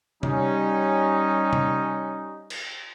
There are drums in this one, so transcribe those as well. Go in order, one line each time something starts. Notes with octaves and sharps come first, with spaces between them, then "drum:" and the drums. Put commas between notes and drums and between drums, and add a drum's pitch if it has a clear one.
G3 C#4 D#4, drum: tom C3
drum: tom C3
drum: cymbal